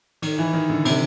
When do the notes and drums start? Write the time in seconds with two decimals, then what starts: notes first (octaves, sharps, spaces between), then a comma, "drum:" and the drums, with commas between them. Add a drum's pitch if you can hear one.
0.22 D#3, drum: cymbal
0.39 E3
0.54 D#3
0.70 D3
0.85 C3, drum: cymbal